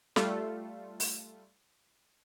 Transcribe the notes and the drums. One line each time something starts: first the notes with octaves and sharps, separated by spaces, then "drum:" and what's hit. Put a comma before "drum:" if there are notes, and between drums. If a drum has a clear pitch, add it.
G3 A3 F4 A4, drum: snare
drum: open hi-hat